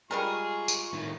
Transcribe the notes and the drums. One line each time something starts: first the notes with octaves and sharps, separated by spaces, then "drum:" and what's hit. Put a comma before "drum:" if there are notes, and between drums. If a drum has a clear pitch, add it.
G3 G#3 F4 G#4 A#4 C#6
drum: tambourine
A2 D#3